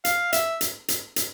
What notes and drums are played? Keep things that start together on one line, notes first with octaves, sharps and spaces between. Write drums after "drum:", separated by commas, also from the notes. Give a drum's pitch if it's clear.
F5, drum: hi-hat
E5, drum: hi-hat
drum: hi-hat
drum: hi-hat
drum: hi-hat